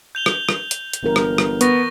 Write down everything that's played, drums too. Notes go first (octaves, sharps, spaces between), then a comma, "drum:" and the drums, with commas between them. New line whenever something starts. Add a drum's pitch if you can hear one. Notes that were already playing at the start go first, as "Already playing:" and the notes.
G6 F7 G7
drum: rim click
drum: rim click
drum: hi-hat
drum: hi-hat
G1 E3 A#4
drum: rim click
drum: rim click
B3 C#6 A#6, drum: hi-hat